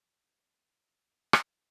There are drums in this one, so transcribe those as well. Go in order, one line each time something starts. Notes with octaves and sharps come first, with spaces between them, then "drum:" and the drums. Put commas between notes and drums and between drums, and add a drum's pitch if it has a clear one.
C#3 D#4
drum: rim click